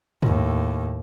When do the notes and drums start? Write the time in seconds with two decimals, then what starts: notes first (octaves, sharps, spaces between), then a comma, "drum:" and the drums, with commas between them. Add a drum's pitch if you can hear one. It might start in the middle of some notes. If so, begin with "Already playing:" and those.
0.23 D#2 A2, drum: tom G2